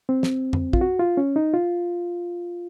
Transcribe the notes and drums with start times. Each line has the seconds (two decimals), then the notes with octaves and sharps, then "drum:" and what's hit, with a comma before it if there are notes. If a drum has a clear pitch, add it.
0.09 C4
0.23 drum: snare
0.53 drum: tom F2
0.73 F4, drum: kick
0.81 F#4
1.00 F4
1.17 C#4
1.36 D#4
1.54 F4